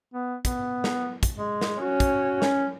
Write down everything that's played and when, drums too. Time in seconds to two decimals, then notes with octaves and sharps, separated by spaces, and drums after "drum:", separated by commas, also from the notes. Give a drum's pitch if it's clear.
0.14 B3
0.45 B3, drum: kick, hi-hat
0.84 drum: snare
1.23 drum: kick, hi-hat
1.37 G#3
1.61 drum: snare
1.81 C#4 F#4
2.00 drum: kick, hi-hat
2.42 C#4, drum: snare